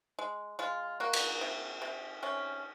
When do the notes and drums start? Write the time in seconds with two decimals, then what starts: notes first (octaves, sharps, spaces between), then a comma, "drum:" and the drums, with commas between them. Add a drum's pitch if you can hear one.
0.19 G#3
0.59 G#3 F4
1.00 A#3 F#4
1.13 drum: cymbal
1.41 C3
1.82 C3
2.23 C3 C#4